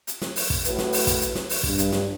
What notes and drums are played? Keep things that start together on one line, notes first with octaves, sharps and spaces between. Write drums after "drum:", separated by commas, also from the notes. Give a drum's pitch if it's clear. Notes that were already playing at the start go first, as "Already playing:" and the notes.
drum: hi-hat
drum: snare
drum: open hi-hat
drum: kick
A2 F#4 B4, drum: hi-hat
drum: snare
drum: open hi-hat
drum: kick, hi-hat
drum: hi-hat
drum: snare
drum: open hi-hat
G2, drum: kick
drum: hi-hat
drum: snare